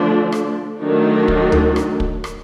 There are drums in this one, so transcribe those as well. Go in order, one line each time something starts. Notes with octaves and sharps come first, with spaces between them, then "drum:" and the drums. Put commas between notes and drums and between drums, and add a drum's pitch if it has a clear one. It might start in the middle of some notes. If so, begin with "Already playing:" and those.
Already playing: D3 F3 A3 D4
drum: rim click
D#3 F#3 A3 D4 D#4
drum: kick
drum: tom D2
drum: rim click
drum: kick
drum: rim click